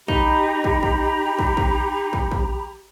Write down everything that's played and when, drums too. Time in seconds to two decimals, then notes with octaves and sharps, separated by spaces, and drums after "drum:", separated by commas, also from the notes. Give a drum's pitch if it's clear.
0.08 D#4 G4 A#5 B5, drum: kick
0.64 drum: kick
0.83 drum: kick
1.39 drum: kick
1.57 drum: kick
2.13 drum: kick
2.31 drum: kick